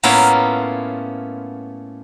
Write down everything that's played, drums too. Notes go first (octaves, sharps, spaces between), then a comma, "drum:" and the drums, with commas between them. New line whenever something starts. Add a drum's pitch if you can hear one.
A2 A#3 B3 C#4 E4 F4, drum: open hi-hat